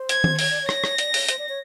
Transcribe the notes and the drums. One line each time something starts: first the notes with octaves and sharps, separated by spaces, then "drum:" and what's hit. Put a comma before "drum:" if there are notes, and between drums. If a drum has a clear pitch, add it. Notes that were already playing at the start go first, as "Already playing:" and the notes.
Already playing: C5
G#6, drum: hi-hat
drum: tom D#3
C#5 G#6, drum: open hi-hat
D5
C#5
A#6, drum: rim click
drum: rim click
D5, drum: hi-hat
C#5, drum: open hi-hat
C5, drum: hi-hat
D5
C#5